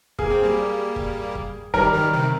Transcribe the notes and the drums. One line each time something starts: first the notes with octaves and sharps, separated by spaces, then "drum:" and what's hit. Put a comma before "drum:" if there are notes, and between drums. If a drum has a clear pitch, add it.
A#3 G#4, drum: kick
C4
G3 A#3
drum: kick
drum: kick
D#3 G3 A#4, drum: kick
D#3 G3
C3 D#3